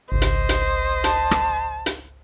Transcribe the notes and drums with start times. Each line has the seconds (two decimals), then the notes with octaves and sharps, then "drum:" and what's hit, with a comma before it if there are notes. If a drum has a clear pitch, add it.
0.12 G#1 C#2 C5 D#5
0.22 drum: hi-hat
0.49 drum: hi-hat
1.04 A5, drum: hi-hat
1.31 drum: rim click
1.86 drum: hi-hat